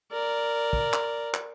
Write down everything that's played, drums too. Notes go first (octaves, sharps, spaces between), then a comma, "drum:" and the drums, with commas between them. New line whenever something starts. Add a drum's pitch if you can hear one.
A#4 D5
drum: kick
drum: clap
drum: clap